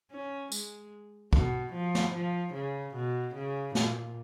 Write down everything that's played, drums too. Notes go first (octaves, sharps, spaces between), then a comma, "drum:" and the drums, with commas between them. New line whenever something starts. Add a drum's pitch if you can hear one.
C#4
G#3, drum: tambourine
B2, drum: kick
F3
drum: snare
F3
C#3
B2
C#3
A#2, drum: snare